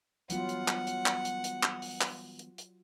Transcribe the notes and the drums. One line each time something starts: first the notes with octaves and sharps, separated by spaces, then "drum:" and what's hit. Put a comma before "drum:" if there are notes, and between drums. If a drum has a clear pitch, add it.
E3 F#3 G3 B3 F4 F#5, drum: hi-hat
drum: hi-hat
drum: clap
drum: hi-hat
drum: clap
drum: hi-hat
drum: hi-hat
drum: clap
drum: open hi-hat
drum: clap
drum: hi-hat
drum: hi-hat